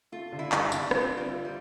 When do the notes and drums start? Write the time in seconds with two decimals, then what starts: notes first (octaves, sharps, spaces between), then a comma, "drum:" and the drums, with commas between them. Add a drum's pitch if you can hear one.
0.12 A3 F4
0.32 D3
0.39 E4
0.52 G2, drum: clap
0.66 D4
0.72 D3, drum: tambourine
0.91 C4 F4, drum: rim click
1.11 F4
1.17 G3
1.31 F4
1.45 G3